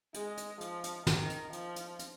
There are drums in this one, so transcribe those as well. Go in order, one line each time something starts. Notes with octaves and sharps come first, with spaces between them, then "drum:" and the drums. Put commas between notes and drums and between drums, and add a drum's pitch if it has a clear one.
G#3, drum: hi-hat
drum: hi-hat
F3, drum: hi-hat
drum: hi-hat
D#3, drum: snare
drum: hi-hat
F3, drum: hi-hat
drum: hi-hat
drum: hi-hat